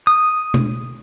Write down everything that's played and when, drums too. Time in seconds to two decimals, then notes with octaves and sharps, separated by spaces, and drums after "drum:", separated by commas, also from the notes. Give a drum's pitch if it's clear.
0.07 D#6
0.54 drum: tom